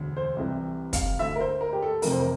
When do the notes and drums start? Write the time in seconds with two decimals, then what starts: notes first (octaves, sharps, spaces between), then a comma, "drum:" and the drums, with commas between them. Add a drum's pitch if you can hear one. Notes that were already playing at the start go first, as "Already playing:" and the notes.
Already playing: E1 D2 D3
0.17 C5
0.36 C2 C3 E3
0.93 F5, drum: kick, hi-hat
1.19 D2 D3 E5
1.36 A#4
1.41 C5
1.61 A#4
1.73 G4
1.83 A4
2.02 F1 F2 C3 E3 A#4, drum: open hi-hat
2.11 C5
2.20 A#4